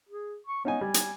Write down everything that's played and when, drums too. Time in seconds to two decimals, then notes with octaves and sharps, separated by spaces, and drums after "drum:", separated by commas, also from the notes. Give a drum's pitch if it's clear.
0.09 G#4
0.47 C#6
0.65 B3 C#4 D#4 G#5
0.81 G3 G#5
0.94 drum: hi-hat